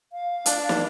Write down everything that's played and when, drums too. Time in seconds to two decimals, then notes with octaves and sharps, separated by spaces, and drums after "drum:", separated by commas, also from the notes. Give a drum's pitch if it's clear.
0.13 F5
0.46 D4, drum: hi-hat
0.69 drum: snare